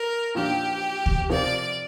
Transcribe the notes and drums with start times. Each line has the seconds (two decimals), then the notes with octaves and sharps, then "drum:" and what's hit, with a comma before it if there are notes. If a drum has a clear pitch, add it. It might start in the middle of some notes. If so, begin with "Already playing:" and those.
Already playing: A#4
0.35 A#2 F3 D4 G4
1.06 drum: kick D2
1.30 C3 F3 C4 A#4 D5